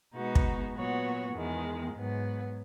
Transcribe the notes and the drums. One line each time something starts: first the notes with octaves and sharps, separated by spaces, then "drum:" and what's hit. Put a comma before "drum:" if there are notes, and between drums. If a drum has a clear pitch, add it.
B2 G#3 B3 D#4 F#4
drum: kick
A#2 F#3 B3 F#4 C#5
E2 D#3 G#3
G#2 F#3 B3